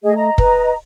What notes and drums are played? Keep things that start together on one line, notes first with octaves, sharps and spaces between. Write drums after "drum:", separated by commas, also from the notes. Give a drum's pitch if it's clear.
A3 G#4 D#5
D#5 A#5
B4, drum: kick